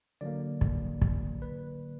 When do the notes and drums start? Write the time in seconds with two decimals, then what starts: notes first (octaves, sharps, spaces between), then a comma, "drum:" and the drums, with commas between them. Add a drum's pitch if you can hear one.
0.21 D3 F#3 A#3 D5
0.61 drum: kick
1.02 drum: kick
1.42 B4